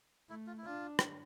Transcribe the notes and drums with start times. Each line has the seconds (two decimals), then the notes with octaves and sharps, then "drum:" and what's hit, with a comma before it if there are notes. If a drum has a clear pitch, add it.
0.29 A3 E4
0.47 F4
0.57 E4
0.65 D4 F4
0.99 drum: rim click